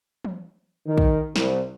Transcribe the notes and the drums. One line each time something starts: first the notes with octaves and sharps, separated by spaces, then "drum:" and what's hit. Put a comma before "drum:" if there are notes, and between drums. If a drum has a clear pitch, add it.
drum: tom
D#3
drum: kick
C2, drum: snare